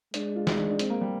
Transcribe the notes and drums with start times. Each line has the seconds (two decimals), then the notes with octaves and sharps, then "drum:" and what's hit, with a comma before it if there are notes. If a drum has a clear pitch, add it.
0.14 G#3 D4, drum: hi-hat
0.36 F4
0.47 D#4, drum: snare
0.57 D4
0.69 D4
0.79 C4, drum: hi-hat
0.90 A#3
1.01 G3